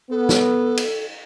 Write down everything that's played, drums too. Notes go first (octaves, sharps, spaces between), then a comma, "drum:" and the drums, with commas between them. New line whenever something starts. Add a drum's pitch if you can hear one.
B3 A4
drum: snare
drum: cymbal